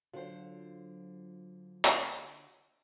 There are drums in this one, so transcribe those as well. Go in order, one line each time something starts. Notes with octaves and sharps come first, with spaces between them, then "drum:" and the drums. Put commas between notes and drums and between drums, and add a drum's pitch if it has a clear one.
D3 F#3 F4 C5
drum: clap